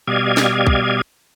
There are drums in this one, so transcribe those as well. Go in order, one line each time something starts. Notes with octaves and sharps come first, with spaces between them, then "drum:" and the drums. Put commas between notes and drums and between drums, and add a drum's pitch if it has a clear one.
B2 G3 D5 D#5 F5 G#6
drum: snare
drum: kick